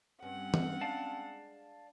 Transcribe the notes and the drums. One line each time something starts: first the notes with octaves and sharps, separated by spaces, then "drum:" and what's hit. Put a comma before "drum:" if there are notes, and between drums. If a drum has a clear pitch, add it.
G2 C4 C#4 F#5
drum: tom E3
G#3 D5 F5 A5